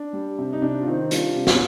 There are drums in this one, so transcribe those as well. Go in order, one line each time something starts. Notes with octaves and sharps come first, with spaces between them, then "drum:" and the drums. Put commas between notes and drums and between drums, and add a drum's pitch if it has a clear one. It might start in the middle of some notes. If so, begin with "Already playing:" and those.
Already playing: D4
G3
C3
D#4
C3 D4
F4
D#3 C4 D#4
G3 D4 F4, drum: hi-hat
C3
drum: snare